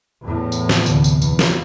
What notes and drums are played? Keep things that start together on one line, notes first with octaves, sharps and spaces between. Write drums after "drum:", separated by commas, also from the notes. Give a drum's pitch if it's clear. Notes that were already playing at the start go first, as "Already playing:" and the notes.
E2 A2
drum: tambourine
drum: snare
D2 C3, drum: tambourine
drum: tambourine
E2, drum: tambourine
drum: snare